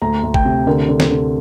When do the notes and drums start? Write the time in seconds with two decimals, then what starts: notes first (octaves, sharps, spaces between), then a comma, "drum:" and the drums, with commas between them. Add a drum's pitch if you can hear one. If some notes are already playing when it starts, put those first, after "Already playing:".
0.02 D2 A#5
0.23 D2
0.34 G5, drum: kick
0.45 C3
0.67 D3 A#4
0.89 D3
1.00 drum: snare
1.11 D3